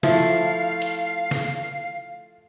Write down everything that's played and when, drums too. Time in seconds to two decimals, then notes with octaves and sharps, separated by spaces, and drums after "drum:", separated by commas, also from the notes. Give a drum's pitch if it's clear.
0.03 F3 A3 E4 F5, drum: snare
0.82 drum: hi-hat
1.31 drum: snare